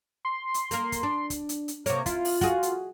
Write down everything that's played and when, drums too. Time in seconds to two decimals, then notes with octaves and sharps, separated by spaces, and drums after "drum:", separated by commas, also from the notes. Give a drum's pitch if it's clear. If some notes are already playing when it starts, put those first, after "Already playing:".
0.25 C6
0.54 drum: hi-hat
0.71 A#3 A#4, drum: hi-hat
0.92 drum: kick, hi-hat
1.03 D4
1.30 drum: kick, hi-hat
1.49 drum: hi-hat
1.68 drum: hi-hat
1.86 C3 A#3 C#5, drum: hi-hat
2.06 E4 F4, drum: kick, hi-hat
2.25 drum: open hi-hat
2.41 F#4 G#4, drum: kick, hi-hat
2.63 drum: hi-hat